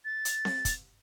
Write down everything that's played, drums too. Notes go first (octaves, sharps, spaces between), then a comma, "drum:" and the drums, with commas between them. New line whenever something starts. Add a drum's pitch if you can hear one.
A6
drum: hi-hat
drum: snare C4
drum: kick, hi-hat